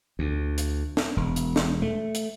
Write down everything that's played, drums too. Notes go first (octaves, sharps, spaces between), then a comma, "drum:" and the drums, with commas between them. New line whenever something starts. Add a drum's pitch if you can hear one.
D2
drum: hi-hat
drum: snare
E1
drum: hi-hat
drum: snare
A3
drum: hi-hat